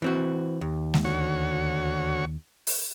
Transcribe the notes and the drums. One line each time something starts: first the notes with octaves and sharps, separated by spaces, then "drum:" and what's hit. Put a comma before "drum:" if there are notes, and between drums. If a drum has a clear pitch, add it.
E3 C4 F#4
D#2
drum: snare G#3
D2 F#4 C#5
drum: open hi-hat